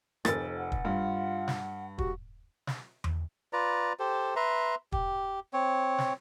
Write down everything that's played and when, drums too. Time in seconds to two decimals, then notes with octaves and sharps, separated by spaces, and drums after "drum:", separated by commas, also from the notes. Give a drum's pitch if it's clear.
0.25 F1 F2 A6, drum: rim click
0.57 F#5
0.72 drum: kick
0.85 G2 F4
1.48 drum: snare
1.98 F#4 G4, drum: kick
2.67 drum: snare
3.04 drum: tom E2
3.53 F4 B4 D5 A#5
3.99 G4 A4 C5
4.36 B4 E5 A#5 C6
4.92 G4, drum: kick
5.53 C4 C#5
5.98 drum: snare